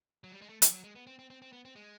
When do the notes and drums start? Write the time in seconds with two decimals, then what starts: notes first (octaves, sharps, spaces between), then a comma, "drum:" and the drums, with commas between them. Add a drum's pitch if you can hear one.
0.24 F#3
0.32 G3
0.42 G#3
0.49 A3
0.62 F3, drum: hi-hat
0.73 F#3
0.84 G#3
0.95 B3
1.07 C4
1.19 C4
1.30 C4
1.42 C4
1.53 B3
1.65 C4
1.76 G#3